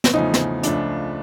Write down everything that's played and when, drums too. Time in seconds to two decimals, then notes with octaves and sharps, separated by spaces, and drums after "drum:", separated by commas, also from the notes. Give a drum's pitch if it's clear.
0.04 drum: snare
0.13 E2 C#3 F3 A3 D#4
0.34 drum: snare
0.63 C#2 C#3 F3 A3 D4, drum: hi-hat